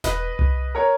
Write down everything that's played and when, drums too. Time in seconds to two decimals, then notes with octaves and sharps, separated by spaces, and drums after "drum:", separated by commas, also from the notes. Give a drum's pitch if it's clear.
0.04 B4 D#5, drum: snare E1
0.39 drum: tom C2
0.75 A#4 C#5